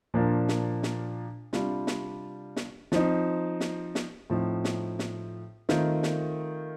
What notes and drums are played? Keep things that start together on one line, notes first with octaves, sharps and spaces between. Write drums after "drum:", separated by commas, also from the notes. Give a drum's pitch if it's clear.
A#2 F3 A#3 D4 F4
drum: snare
drum: snare
C3 G3 D4 F4, drum: snare
drum: snare
drum: snare
F3 C4 D#4, drum: snare
drum: snare
drum: snare
A2 F3 C4 D#4
drum: snare
drum: snare
D#3 A3 C4 F4, drum: snare
drum: snare